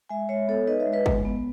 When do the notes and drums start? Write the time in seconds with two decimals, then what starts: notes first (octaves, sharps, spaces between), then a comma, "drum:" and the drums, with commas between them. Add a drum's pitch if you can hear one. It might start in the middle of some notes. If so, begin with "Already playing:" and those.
0.09 G#3 E5 G#5
0.29 G#3 C#5 E5
0.48 B3 A4 C#5
0.67 D#4 B4 D#5
0.80 C#5 E5
0.87 G#3
0.92 B4 D#5
1.06 G#3, drum: kick
1.25 B3